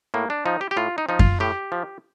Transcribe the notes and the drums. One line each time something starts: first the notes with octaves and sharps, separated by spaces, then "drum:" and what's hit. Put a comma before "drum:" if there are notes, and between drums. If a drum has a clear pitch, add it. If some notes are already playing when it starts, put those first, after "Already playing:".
A2 A#3
D4
F3 D#4
G4
G4
A2 F4
D#4
F3 D#4
F4, drum: kick F#2
A2 G4
F3